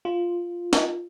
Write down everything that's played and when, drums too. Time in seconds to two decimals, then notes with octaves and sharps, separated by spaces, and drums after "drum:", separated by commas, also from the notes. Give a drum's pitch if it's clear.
0.05 F4
0.73 drum: snare